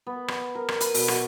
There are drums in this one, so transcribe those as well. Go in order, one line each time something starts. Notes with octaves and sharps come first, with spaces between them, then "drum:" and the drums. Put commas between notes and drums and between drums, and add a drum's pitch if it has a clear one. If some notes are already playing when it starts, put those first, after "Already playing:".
B3
drum: rim click
A#4
drum: rim click
B4, drum: hi-hat
B2, drum: open hi-hat
F#4, drum: rim click